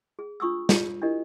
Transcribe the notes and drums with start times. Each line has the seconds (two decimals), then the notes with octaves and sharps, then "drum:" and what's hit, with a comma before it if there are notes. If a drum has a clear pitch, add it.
0.19 G#4
0.40 D4 F4 C#6 D#6 E6
0.69 F4 C#5, drum: snare
1.01 D4 E4 G4 A#4 D#5